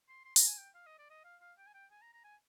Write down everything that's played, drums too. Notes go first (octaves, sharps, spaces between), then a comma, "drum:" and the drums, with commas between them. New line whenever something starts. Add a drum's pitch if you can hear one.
C6
C6
A#5, drum: open hi-hat
G#5
G5
F5
D#5
D5
D#5
F5
F5
G5
G#5
G5
G#5
A#5
A#5
G#5